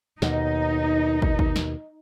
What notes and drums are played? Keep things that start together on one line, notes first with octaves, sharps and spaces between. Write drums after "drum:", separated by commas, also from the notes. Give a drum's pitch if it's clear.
D#2 B2 D#4, drum: snare
drum: kick
drum: kick
drum: snare